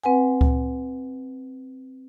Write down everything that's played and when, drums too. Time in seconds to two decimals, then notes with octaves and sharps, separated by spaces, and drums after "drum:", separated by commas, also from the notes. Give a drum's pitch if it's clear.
0.04 C4 B4 F#5 G#5
0.41 drum: kick C#2